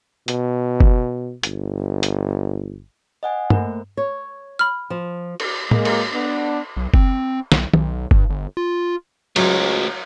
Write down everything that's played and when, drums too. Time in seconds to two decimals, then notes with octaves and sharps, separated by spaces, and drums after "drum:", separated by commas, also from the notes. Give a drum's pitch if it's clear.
0.28 B2, drum: hi-hat
0.80 drum: kick F#1
1.43 G1, drum: hi-hat
2.03 drum: hi-hat
3.23 D#5 F#5 G#5
3.50 A3 A#3 A#4 C5, drum: tom
3.97 C#5
4.59 B5 F6
4.90 F3
5.40 drum: cymbal
5.71 G#3 A#3, drum: tom
5.85 drum: cymbal
6.12 B3 D4
6.77 B1
6.94 C4, drum: kick F#1
7.52 B1, drum: snare
7.74 B1, drum: tom
8.11 G2, drum: kick F#1
8.30 G1
8.57 F4
9.36 C#2 F#3 A3 F#4 C5 C#5, drum: cymbal